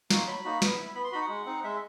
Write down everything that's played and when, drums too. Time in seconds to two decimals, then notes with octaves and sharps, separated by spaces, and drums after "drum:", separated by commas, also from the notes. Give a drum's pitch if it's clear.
0.10 A#3 D#4 F#4, drum: snare
0.17 C6
0.27 F#3 B5
0.45 A#3 D#4 F#4
0.62 B3, drum: snare
0.78 E4
0.95 B3 B5
1.04 C6
1.12 D#4 F#4 B5
1.21 F#5
1.29 G#3
1.46 C4 D#4
1.64 G#3 E5